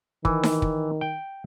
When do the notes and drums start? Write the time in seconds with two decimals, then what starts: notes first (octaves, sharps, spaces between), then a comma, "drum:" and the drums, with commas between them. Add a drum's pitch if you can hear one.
0.25 D#3 E3, drum: kick
0.43 drum: snare D#4
0.62 drum: kick
1.01 G5